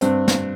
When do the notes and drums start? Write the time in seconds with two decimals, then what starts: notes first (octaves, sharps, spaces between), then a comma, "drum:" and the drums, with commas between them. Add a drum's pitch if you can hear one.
0.01 G2 C4, drum: hi-hat
0.28 drum: snare